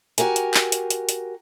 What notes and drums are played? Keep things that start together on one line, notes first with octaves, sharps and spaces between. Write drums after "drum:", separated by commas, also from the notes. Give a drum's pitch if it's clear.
F#4 G4 A#4 G#5, drum: hi-hat
drum: hi-hat
drum: clap
drum: hi-hat
drum: hi-hat
drum: hi-hat